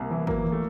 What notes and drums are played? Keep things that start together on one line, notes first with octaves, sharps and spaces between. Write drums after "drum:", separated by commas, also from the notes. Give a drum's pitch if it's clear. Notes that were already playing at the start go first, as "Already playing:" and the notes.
Already playing: C2 A#3
E3
F#3 A#3, drum: kick
E2
A3